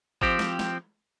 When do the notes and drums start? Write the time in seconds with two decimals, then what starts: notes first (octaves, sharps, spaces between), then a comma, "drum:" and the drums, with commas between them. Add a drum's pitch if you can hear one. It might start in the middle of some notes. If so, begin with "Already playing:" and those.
0.22 F3 C4 G4, drum: kick G#1
0.39 drum: snare
0.59 drum: snare